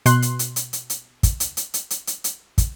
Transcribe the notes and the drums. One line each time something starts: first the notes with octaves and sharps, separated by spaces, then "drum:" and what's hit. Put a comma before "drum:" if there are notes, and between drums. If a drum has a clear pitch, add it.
B2 C6 F#6, drum: hi-hat
drum: hi-hat
drum: hi-hat
drum: hi-hat
drum: hi-hat
drum: hi-hat
drum: kick, hi-hat
drum: hi-hat
drum: hi-hat
drum: hi-hat
drum: hi-hat
drum: hi-hat
drum: hi-hat
drum: kick, hi-hat